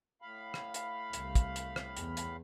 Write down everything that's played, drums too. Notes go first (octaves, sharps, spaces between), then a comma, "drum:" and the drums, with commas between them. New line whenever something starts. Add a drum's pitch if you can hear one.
A2 F5 B5
drum: rim click
drum: hi-hat
C2, drum: hi-hat
drum: kick, hi-hat
drum: hi-hat
drum: rim click
E2, drum: hi-hat
drum: hi-hat